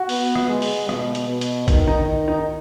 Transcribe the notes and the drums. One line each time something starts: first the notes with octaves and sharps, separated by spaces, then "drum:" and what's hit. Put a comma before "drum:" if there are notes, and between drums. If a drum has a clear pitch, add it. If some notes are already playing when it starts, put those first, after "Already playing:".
Already playing: F#4
B3, drum: open hi-hat
drum: rim click
G#3
drum: open hi-hat
B2, drum: rim click
drum: hi-hat
B2
drum: hi-hat
D#3, drum: kick, hi-hat
D#4
D#4